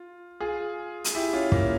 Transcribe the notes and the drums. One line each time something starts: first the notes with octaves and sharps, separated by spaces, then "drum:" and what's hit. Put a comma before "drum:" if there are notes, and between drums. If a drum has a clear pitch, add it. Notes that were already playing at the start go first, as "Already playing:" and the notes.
Already playing: F4
F4 G#4
drum: hi-hat
E4 G4
C#4 F4
A#3 C#4, drum: kick